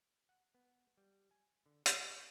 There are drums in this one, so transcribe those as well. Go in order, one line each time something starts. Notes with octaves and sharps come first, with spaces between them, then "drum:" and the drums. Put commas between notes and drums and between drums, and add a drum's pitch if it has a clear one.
F#5
B3
G3
G#5
D3
A#2, drum: hi-hat
A5